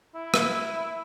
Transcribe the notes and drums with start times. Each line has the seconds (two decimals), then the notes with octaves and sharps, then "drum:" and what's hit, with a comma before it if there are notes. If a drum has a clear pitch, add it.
0.15 E4
0.34 drum: rim click